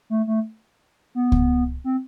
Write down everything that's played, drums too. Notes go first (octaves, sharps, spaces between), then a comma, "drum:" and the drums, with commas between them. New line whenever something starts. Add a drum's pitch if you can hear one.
A3
A3
B3
drum: kick C#2
C4